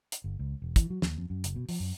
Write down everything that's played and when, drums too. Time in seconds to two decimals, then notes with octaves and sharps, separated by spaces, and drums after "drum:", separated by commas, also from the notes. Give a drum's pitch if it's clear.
0.12 drum: hi-hat
0.24 G1
0.39 C#2
0.62 E1
0.76 E3, drum: kick, hi-hat
0.90 F#3
1.02 D#2, drum: snare
1.17 F2
1.30 F#2
1.44 F#1, drum: hi-hat
1.56 B2
1.69 F3, drum: open hi-hat
1.80 F#2